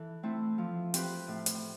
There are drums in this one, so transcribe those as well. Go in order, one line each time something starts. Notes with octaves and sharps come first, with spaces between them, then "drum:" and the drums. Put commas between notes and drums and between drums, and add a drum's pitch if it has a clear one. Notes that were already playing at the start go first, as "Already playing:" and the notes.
Already playing: E3 A4
A3 C4 E4
F3
C4 G4 B4, drum: hi-hat
A2
drum: hi-hat